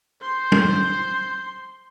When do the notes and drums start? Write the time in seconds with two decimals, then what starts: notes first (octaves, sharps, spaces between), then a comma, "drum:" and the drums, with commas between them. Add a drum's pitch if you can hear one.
0.22 C5 C6
0.52 drum: tom